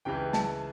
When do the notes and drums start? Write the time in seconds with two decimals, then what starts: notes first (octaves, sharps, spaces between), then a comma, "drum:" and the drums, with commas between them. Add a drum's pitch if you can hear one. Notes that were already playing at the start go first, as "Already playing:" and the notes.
0.05 C#2 C#3 E3 G5
0.33 A5, drum: snare